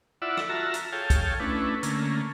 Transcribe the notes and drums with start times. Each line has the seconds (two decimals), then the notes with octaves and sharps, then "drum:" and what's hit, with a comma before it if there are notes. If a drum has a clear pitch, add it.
0.22 E4 F4 D5 E5 F#5
0.37 drum: rim click
0.49 F4 F#4 E5 A5 A#5
0.74 drum: hi-hat
0.92 G#4 A4 C#5 F5 G5 A5
1.10 drum: kick, hi-hat
1.40 A3 C#4 D4 E4 B4
1.83 D3 A3 A#3 C#4, drum: hi-hat